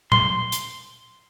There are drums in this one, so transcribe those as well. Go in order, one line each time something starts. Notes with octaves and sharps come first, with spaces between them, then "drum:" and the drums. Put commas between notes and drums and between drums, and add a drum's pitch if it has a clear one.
C6, drum: tom A#2
drum: hi-hat